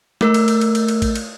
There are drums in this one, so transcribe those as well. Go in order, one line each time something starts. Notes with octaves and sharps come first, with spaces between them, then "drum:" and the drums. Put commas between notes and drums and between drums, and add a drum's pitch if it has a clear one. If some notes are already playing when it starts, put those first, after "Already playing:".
A3 A#4 E6, drum: snare
drum: cymbal
drum: cymbal
drum: cymbal
drum: cymbal
drum: cymbal
drum: kick A1, cymbal
drum: cymbal